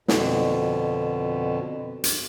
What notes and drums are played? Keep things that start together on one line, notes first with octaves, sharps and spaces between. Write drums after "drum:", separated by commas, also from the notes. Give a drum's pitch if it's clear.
F2 B2 D3, drum: snare
drum: hi-hat